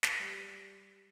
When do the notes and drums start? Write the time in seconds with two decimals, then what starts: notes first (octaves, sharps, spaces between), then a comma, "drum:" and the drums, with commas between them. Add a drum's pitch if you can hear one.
0.03 drum: snare
0.20 G3